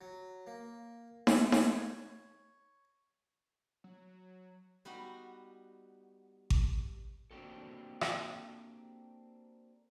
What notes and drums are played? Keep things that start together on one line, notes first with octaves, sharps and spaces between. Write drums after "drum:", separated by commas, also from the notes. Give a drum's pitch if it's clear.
F#3
A#3
A3, drum: snare D#4
C#5, drum: snare D#4
F#3
G3 B3 D#4 F#4
drum: kick G#1
A#3 C4 D4 F#4 G4 A4
drum: rim click